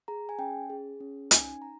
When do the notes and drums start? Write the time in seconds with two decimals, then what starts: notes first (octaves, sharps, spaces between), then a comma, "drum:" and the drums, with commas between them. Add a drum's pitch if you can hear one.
0.08 G#4 A#5
0.29 G#5
0.39 C#4 G5
0.70 G#4
1.01 C#4
1.31 D#4 G#5, drum: hi-hat
1.62 D#4 A#5